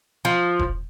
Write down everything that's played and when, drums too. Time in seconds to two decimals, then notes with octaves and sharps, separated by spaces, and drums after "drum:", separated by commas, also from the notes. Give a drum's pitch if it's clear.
0.25 F3
0.59 drum: kick E1